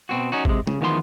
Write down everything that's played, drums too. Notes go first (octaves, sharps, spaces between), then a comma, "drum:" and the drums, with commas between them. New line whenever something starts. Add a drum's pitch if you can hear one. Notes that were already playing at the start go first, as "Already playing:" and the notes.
B2 C4 F#4
C#4 D#4 F#4
C3 G#3, drum: kick
C#3, drum: tom
E2 D#3 F3 B3 A#5 C6